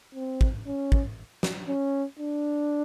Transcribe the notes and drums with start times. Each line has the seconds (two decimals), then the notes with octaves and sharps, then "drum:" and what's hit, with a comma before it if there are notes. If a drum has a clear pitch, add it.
0.15 C4
0.41 drum: kick
0.67 C#4
0.92 drum: kick
1.43 drum: snare
1.68 C#4
2.19 D4